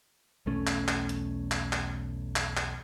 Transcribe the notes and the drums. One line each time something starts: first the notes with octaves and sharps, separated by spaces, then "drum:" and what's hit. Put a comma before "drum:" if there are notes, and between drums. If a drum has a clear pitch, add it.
B1 E2 A3 C#4
drum: clap
drum: clap
drum: hi-hat
drum: clap
drum: clap
drum: clap
drum: clap